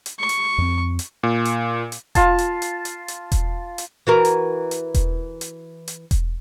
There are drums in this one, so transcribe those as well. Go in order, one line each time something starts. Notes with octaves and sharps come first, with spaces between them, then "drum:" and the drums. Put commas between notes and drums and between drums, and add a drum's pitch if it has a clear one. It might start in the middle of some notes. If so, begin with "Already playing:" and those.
drum: hi-hat
C#6
drum: hi-hat
F2 C4
drum: hi-hat
A#2
drum: hi-hat
drum: hi-hat
F4 A5, drum: kick E1, hi-hat
drum: hi-hat
drum: hi-hat
drum: hi-hat
drum: hi-hat
drum: kick E1, hi-hat
drum: hi-hat
E3 F#4 A#4
drum: hi-hat
drum: hi-hat
drum: kick E1, hi-hat
drum: hi-hat
drum: hi-hat
drum: kick E1, hi-hat